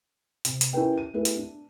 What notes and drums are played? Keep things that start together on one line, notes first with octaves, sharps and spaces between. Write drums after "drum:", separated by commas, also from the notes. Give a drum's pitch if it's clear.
C3, drum: hi-hat
drum: hi-hat
C#4 E4 G4 A#4 B4 G5
D#7
A3 B3 E4 G4 G#4 B4
drum: hi-hat
D4